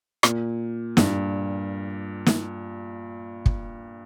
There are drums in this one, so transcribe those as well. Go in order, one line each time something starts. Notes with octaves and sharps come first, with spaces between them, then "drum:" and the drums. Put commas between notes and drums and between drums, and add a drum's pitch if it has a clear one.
A#2, drum: rim click
G2, drum: snare
drum: snare
drum: kick